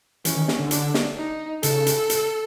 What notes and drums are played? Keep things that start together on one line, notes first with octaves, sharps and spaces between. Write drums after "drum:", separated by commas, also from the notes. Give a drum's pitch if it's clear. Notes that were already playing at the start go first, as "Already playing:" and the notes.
E3 C#4, drum: hi-hat
D#3
drum: snare
D3
D4, drum: hi-hat
drum: snare
D#4
C#3 A4, drum: hi-hat
drum: hi-hat
drum: hi-hat